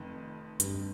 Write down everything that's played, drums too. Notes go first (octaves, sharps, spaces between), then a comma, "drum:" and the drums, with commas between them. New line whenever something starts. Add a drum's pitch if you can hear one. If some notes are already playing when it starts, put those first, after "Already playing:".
Already playing: F1 F2 D#3
G2, drum: hi-hat